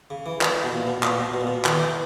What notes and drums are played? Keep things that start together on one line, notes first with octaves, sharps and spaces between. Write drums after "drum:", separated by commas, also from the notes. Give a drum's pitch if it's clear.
C#3
E3
E3, drum: clap
B2
A#2
B2
A#2, drum: clap
B2
B2
A#2
B2
D#3, drum: clap
E3